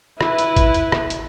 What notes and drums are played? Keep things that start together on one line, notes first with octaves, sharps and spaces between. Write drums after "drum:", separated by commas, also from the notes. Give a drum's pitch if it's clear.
E4 B4, drum: rim click
drum: hi-hat
drum: kick G#1, hi-hat
drum: hi-hat
drum: rim click
drum: hi-hat